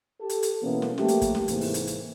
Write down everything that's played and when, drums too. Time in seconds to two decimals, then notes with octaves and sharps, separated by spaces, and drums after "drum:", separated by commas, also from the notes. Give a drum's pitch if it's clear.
0.20 G4 A4
0.29 drum: hi-hat
0.43 drum: hi-hat
0.63 B2 E3 A#3 B3 C#4
0.82 drum: snare
0.98 F3 A3 A#3 G4, drum: snare
1.08 drum: hi-hat
1.22 drum: kick, hi-hat
1.35 drum: snare
1.48 G#2 C3 E3 A#3, drum: hi-hat
1.61 drum: open hi-hat
1.74 drum: hi-hat
1.87 drum: hi-hat